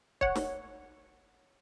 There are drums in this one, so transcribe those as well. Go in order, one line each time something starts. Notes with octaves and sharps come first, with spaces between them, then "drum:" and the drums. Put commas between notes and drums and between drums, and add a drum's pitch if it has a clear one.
C#5 F#5, drum: kick
drum: snare